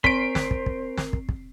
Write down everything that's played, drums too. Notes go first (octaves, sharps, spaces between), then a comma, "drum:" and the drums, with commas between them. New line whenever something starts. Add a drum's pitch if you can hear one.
C4 A#4 C5 G#5 C6 B6 C7 D7, drum: kick
drum: snare
drum: kick
drum: kick
drum: snare
drum: kick
drum: kick